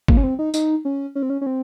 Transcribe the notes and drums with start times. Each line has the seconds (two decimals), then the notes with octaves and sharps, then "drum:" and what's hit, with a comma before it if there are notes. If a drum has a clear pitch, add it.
0.08 A#3, drum: kick
0.17 C#4
0.23 C4
0.39 D#4
0.54 D#4, drum: tambourine
0.85 C#4
1.15 C#4
1.23 C4
1.30 C#4
1.41 C#4
1.46 C4